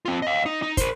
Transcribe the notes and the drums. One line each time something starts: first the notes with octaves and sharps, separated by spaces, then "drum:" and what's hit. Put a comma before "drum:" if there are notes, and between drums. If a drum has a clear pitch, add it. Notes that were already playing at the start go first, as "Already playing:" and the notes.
C4 F4
D#5 F5
D#4
D#4
A#4 C5, drum: kick, hi-hat